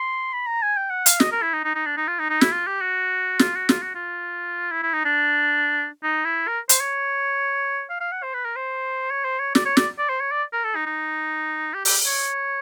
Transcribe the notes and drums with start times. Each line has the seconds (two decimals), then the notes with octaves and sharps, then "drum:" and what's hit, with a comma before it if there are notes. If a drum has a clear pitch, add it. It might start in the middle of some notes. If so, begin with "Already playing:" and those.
Already playing: C6
0.33 B5
0.47 A#5
0.62 G#5
0.77 G5
0.91 F#5
1.06 F5, drum: hi-hat
1.20 D#5, drum: snare
1.32 A#4
1.42 E4
1.54 D#4
1.64 D#4
1.75 D#4
1.86 D4
1.97 D#4
2.08 F4
2.20 D#4
2.30 D#4
2.41 E4, drum: snare
2.52 F4
2.67 G4
2.82 F#4
3.39 F4, drum: snare
3.55 F#4
3.69 F4, drum: snare
3.82 F#4
3.95 F4
4.72 E4
4.83 E4
4.94 D#4
5.05 D4
6.03 D#4
6.25 E4
6.48 A#4
6.69 C5, drum: hi-hat
6.81 C#5
7.90 F5
8.01 F5
8.12 F#5
8.23 C5
8.34 B4
8.45 A#4
8.56 C5
9.11 C#5
9.25 C5
9.40 C#5
9.55 D5, drum: snare
9.66 C#5
9.77 D5, drum: snare
9.99 D5
10.09 C5
10.21 C#5
10.32 D5
10.53 A#4
10.65 A4
10.76 D#4
10.86 D#4
11.74 G4
11.85 G4, drum: open hi-hat
12.07 C#5